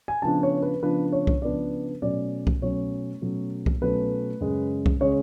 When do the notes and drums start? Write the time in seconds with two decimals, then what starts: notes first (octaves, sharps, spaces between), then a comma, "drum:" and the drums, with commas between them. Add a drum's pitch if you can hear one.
0.08 G#5
0.22 C#3 F3 B3 D4 A5
0.43 C#5
0.63 B4
0.82 C#3 F3 B3 D4 B4
1.12 C#5
1.27 drum: kick C2
1.42 C#3 F3 B3 D4 D5
2.02 B2 F#3 A3 C#4 D5
2.47 drum: kick C2
2.62 B2 F#3 A3 C#4 C#5
3.21 B2 F#3 A3 C#4
3.66 drum: kick C2
3.81 B2 F#3 A3 C#4 B4
4.41 F#2 C#3 G#3 C#4
4.86 drum: kick C2
5.00 C#3 G#3 C#4 C#5